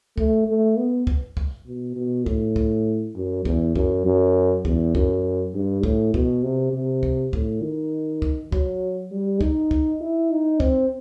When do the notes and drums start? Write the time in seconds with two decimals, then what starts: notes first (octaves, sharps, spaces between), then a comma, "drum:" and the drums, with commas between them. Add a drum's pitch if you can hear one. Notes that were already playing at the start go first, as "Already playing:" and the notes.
0.18 A3, drum: kick C#2
0.48 A3
0.77 B3
1.07 drum: kick C#2
1.37 drum: kick C#2
1.67 B2
1.97 B2
2.26 A2, drum: kick C#2
2.56 drum: kick C#2
3.16 F#2
3.45 E2, drum: kick C#2
3.76 F#2, drum: kick C#2
4.06 F#2
4.65 E2, drum: kick C#2
4.95 F#2, drum: kick C#2
5.54 G2
5.83 A2, drum: kick C#2
6.14 B2, drum: kick C#2
6.43 C3
6.73 C3
7.03 drum: kick C#2
7.33 A2, drum: kick C#2
7.62 D#3
8.22 drum: kick C#2
8.52 F#3, drum: kick C#2
9.11 G3
9.41 D#4, drum: kick C#2
9.71 drum: kick C#2
10.01 E4
10.31 D#4
10.60 C4, drum: kick C#2